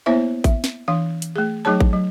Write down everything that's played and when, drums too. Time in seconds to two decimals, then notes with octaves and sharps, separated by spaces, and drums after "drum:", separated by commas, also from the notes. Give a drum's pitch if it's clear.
0.06 A#3 B3 E4 C5 C#5 E5
0.44 E5, drum: kick A1, hi-hat
0.64 drum: snare
0.88 E3 D4 F5
1.22 drum: hi-hat
1.36 A3 G#4
1.65 F#3 A3 D#4 G#4 C#5 A5
1.80 drum: kick A1
1.93 F#3